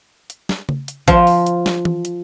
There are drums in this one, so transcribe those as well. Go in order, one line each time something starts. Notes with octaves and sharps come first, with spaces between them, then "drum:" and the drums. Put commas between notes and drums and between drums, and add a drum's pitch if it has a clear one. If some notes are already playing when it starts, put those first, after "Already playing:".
drum: hi-hat
drum: snare
drum: tom C#3
drum: hi-hat
F3, drum: kick, hi-hat
drum: open hi-hat
drum: hi-hat
drum: snare
drum: tom E3
drum: hi-hat